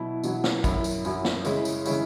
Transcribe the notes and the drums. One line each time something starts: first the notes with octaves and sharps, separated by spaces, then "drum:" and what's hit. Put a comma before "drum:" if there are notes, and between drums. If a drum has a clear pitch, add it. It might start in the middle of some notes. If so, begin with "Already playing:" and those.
Already playing: B2 F#3 E4
B2 F#3 E4, drum: tambourine
drum: snare
F#2 F#3 E4, drum: kick, tambourine
drum: tambourine
F#2 F#3 E4, drum: tambourine
drum: snare
C#3 G#3 E4 C#5, drum: tambourine
drum: tambourine
C#3 G#3 E4 C#5, drum: tambourine